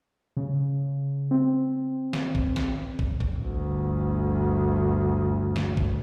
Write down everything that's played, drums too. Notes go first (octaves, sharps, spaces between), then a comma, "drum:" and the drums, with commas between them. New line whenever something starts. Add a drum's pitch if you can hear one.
C#3
C4
drum: snare
drum: kick
drum: snare
drum: kick
drum: kick
G1 D2
drum: snare
drum: kick